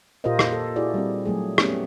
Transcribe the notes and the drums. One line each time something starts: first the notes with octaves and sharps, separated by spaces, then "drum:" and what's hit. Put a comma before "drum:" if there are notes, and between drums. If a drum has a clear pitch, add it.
A#2 F4 G4 A#4 C5 D#5
drum: rim click
A4
E4 F#4 G#4 D5
G3 C4
F#3 A3 G#4
A3 B3 C#4 G4, drum: rim click